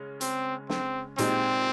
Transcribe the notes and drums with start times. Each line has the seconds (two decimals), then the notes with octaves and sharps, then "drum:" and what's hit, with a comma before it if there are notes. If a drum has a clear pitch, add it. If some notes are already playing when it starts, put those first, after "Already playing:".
Already playing: C#3 G#3 C#4
0.21 C4, drum: hi-hat
0.70 C4, drum: snare
1.18 A#2 G#3 C4 D#4 G4, drum: hi-hat